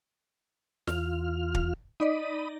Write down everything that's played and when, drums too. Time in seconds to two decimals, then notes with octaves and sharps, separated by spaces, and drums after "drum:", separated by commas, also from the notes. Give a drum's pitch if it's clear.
0.87 E2 F4 F6, drum: snare
1.54 drum: kick
2.00 D#4 D5 D#5 B5 D#6